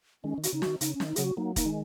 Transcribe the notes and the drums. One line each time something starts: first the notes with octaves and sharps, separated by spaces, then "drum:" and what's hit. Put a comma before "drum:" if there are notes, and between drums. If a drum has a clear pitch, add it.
D#3 G#3 C#4
D#3
F#4, drum: hi-hat
C#3 D#4
D#3 F#4, drum: snare
C#3 D#4, drum: hi-hat
C#4
D#3, drum: snare
D#4
C#3 F#3 G#4, drum: hi-hat
F#4
F#3 A#3 D#4
A#3 D#4, drum: kick E1, hi-hat
D#3 G#3